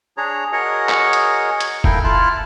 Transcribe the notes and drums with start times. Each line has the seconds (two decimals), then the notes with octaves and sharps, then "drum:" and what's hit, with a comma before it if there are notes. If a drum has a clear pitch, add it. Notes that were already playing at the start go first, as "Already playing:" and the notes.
0.17 D4 G#4 C#5 A#5
0.52 F#4 G#4 A#4 C#5 D#5 F#5
0.89 drum: clap
1.13 drum: hi-hat
1.60 drum: hi-hat
1.84 E4 A4 A#4 F5 G5, drum: kick F1
2.04 E4 F4 F5 A5 F6 F#6